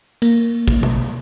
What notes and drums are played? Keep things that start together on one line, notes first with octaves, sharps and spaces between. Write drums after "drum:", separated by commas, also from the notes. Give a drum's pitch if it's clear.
A#3, drum: cymbal
drum: kick
drum: tom B2